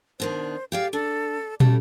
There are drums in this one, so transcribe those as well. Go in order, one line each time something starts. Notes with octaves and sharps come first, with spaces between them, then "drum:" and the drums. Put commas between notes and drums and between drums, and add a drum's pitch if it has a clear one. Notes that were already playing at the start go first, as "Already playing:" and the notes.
B2 D#3 D4 C5
G4 G#4 D5 F5
D4 A4
A2 C#3 G3 A5, drum: tom